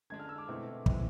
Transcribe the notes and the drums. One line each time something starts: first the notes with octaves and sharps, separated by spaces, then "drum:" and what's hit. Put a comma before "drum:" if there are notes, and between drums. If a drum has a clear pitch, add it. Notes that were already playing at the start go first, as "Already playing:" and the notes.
D3 G#3 D4 G#6
F6
E6
D6
B2 A3 C4 E4
B2 G#3 C4 E4, drum: kick